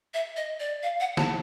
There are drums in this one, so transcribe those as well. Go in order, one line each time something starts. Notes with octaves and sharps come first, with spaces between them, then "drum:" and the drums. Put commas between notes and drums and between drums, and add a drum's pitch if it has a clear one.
E5
D#5
D5
F5
F#5
A5, drum: snare